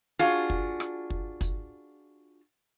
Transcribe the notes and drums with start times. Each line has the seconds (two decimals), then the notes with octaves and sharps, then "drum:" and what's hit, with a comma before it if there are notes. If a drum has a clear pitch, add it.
0.19 D4 F4 F#4 G#4
0.50 drum: kick
0.80 drum: rim click
1.10 drum: kick
1.41 drum: kick, hi-hat